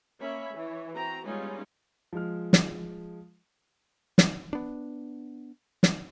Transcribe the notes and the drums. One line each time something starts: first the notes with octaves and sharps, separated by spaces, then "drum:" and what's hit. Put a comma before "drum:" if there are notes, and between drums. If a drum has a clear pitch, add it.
A#3 C#4 C#5 E5 B5
E3 C#5
C4 F#4 A#5
G3 G#3 B3 C#4 D#4 F4
F3 G#3 F6
drum: snare
drum: snare
B3 D4
drum: snare